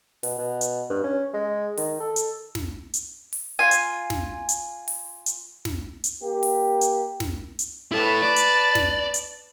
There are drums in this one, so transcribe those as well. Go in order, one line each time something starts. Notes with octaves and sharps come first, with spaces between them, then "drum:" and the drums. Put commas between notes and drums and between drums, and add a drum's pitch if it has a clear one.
B2, drum: open hi-hat
B2
drum: hi-hat
G2
C#4
G#3
D#3, drum: open hi-hat
A4
drum: hi-hat
drum: snare
drum: hi-hat
drum: open hi-hat
F4 G#5
drum: hi-hat
drum: snare
drum: hi-hat
drum: open hi-hat
drum: hi-hat
drum: snare
drum: hi-hat
A#3 G4
drum: open hi-hat
drum: hi-hat
drum: snare
drum: hi-hat
E4 A4 B4 A5
D5
drum: hi-hat
drum: snare
drum: hi-hat